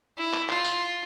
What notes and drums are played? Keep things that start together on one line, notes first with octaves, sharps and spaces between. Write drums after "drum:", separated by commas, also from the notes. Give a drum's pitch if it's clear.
E4
drum: clap
F4, drum: clap
drum: tambourine